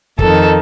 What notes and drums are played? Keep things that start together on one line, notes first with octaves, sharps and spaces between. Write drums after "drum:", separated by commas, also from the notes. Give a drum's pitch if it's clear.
F2 D#3 A4, drum: kick